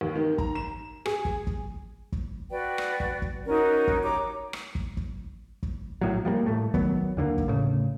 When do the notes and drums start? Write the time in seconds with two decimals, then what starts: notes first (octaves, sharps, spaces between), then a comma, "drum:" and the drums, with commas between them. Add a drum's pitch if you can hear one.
0.01 D#2
0.15 D#3
0.38 A#5, drum: kick
0.55 E7
1.06 G#4, drum: rim click
1.25 drum: kick
1.47 drum: kick
2.12 drum: kick
2.49 F#4 B4 D5 G5
2.78 drum: rim click
3.00 drum: kick
3.22 drum: kick
3.46 C#4 D#4 F#4 A#4
3.88 drum: kick
4.02 G4 C#5 A#5 D6
4.53 drum: rim click
4.75 drum: kick
4.97 drum: kick
5.63 drum: kick
6.01 A#1 A2 F#3
6.25 F3 G3 G#3 A#3
6.46 A2 A3
6.74 D#3 F#3 B3, drum: kick
7.17 D#2 D3 D#3 A#3
7.38 drum: kick
7.48 A2 C#3